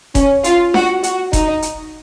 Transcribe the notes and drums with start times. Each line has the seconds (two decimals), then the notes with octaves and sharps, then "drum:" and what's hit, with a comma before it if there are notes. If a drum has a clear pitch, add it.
0.15 C#4, drum: kick F1, hi-hat
0.44 F4, drum: hi-hat
0.74 F#4, drum: snare D4
1.03 F#4, drum: hi-hat
1.33 D#4, drum: kick F1, hi-hat
1.62 drum: hi-hat